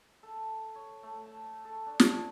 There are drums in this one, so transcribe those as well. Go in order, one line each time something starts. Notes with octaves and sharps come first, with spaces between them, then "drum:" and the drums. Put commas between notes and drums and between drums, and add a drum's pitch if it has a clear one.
A4
C#5
A3
A5
A4
D4
C3, drum: snare